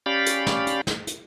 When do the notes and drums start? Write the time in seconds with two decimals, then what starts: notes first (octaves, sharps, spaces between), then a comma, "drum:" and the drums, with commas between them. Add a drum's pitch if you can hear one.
0.06 C#4 G4 D5 F5 B5
0.26 drum: hi-hat
0.47 drum: snare
0.67 drum: hi-hat
0.87 drum: snare
1.07 drum: hi-hat